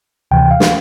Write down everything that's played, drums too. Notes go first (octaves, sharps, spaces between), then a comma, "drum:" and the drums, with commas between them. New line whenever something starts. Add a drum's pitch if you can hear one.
D2 C3 E3 G5
F5
drum: snare